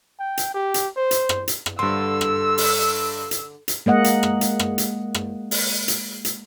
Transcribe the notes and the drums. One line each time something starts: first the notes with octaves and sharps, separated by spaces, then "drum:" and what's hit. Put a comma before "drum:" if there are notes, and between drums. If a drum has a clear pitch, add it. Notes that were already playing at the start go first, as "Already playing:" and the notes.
G5
drum: hi-hat
G4
drum: hi-hat
C5
drum: hi-hat
drum: rim click
drum: hi-hat
drum: rim click
G2 D3 C6 E6
drum: rim click
drum: open hi-hat
drum: hi-hat
drum: hi-hat
G#3 A#3 D#5 F#5
drum: hi-hat
drum: rim click
drum: hi-hat
drum: rim click
drum: hi-hat
drum: rim click
drum: open hi-hat
drum: hi-hat
drum: hi-hat